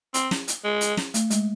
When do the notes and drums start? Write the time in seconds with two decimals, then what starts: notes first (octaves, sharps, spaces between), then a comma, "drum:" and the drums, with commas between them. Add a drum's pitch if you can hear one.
0.14 C4, drum: hi-hat
0.31 drum: snare
0.48 drum: hi-hat
0.64 G#3
0.81 drum: hi-hat
0.97 drum: snare
1.14 A3, drum: hi-hat
1.30 G#3, drum: hi-hat